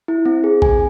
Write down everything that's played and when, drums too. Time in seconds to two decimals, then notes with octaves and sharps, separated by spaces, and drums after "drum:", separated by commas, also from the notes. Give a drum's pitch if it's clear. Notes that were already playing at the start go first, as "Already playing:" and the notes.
0.08 E4
0.26 C4
0.44 G#4
0.62 G#5, drum: kick A#1